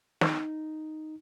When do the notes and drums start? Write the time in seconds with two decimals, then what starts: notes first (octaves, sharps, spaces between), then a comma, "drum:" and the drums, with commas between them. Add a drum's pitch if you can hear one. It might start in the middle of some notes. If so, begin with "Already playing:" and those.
0.21 D#4, drum: snare